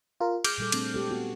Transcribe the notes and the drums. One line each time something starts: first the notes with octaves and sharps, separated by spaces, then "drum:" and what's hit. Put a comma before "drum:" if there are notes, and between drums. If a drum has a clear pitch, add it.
F4 A#4
G#4 D6 F6 G6, drum: cymbal
A#2 G3 A4
A3 C4 D4, drum: cymbal
G#3 G4 A4
B3 F#4